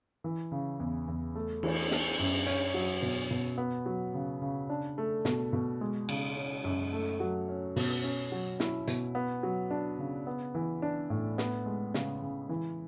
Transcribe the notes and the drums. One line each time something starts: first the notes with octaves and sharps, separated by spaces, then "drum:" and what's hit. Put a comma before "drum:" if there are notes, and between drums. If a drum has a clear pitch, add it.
E3
C#3
E2
E2
A3
E3, drum: cymbal
D4, drum: snare
F#2
C#4, drum: hi-hat
F#3
B2
B2
B3
F#3
C#3
C#3
D4
A3
B2, drum: snare
B2
G#3
C#3, drum: cymbal
C#4
F#2
A3
F#3
C#4
B2, drum: open hi-hat
C#4
F#3
E4, drum: snare
B2, drum: hi-hat
B3
F#3
D4
C#3
B3
E3
D4
A2
B3, drum: snare
G#3
C#3, drum: snare
C#3
E3